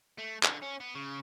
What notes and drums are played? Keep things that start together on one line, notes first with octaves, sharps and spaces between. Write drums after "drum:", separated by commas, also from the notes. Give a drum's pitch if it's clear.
A3
D3, drum: clap
C#4
B3
C#3